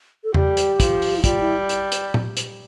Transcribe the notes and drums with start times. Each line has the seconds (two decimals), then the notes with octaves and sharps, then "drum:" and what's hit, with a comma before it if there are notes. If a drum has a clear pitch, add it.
0.24 A4
0.34 G3 G4, drum: tom E2
0.57 drum: hi-hat
0.80 F3, drum: kick, hi-hat
1.02 drum: open hi-hat
1.17 E4
1.24 G3 F4, drum: kick, hi-hat
1.40 E4
1.69 drum: hi-hat
1.92 drum: hi-hat
2.14 drum: tom
2.37 drum: hi-hat